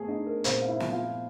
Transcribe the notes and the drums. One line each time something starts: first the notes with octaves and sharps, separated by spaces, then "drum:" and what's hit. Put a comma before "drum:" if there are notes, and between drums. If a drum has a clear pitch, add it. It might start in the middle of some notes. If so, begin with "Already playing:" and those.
Already playing: A3 G#4 G#5
D4 D#4 D#5
A#4
A#2 C4 C5, drum: hi-hat
F5
E4 E5
F3, drum: snare
F4 F5